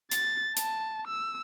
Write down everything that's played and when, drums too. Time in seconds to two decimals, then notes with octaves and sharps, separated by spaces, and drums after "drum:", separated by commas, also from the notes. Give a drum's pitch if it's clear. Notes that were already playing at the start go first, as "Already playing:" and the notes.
0.12 A6, drum: hi-hat
0.57 A5, drum: hi-hat
1.08 E6